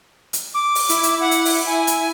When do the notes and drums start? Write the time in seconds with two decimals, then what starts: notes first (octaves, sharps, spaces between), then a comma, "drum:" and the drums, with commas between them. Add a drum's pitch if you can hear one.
0.33 drum: hi-hat
0.54 D6
0.75 drum: open hi-hat
0.89 E4, drum: hi-hat
1.03 drum: hi-hat
1.20 F#5
1.31 drum: hi-hat
1.45 drum: open hi-hat
1.67 G#5
1.87 drum: hi-hat